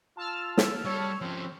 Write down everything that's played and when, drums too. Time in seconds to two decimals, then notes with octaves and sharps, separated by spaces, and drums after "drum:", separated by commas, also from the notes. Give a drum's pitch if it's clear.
0.17 F4 A5 E6 F6
0.57 drum: snare
0.86 G3 C#5
1.21 F3 C4 C#4